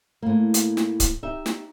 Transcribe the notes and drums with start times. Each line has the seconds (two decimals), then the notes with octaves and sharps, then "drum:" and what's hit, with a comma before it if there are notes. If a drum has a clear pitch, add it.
0.22 A2 A#3
0.54 drum: hi-hat
0.77 drum: snare
1.00 drum: kick C#1, hi-hat
1.23 D#4 G4 E5
1.46 drum: snare